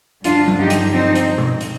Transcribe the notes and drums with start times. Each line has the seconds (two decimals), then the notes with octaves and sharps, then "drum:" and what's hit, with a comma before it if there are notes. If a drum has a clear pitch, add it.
0.24 G2 D3 F3 D4 F4, drum: hi-hat
0.48 drum: tom F#3
0.59 D#4 G4
0.70 drum: hi-hat
0.92 C4 D#4
1.15 drum: hi-hat
1.38 drum: tom B2
1.61 drum: hi-hat